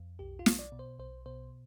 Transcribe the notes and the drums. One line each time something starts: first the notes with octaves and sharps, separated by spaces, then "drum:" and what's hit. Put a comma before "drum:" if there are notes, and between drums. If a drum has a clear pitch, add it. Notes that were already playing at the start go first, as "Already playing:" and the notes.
Already playing: F2
B1 G4
F4
B1, drum: snare
D5
B2
C5
B1 C5
B2 C5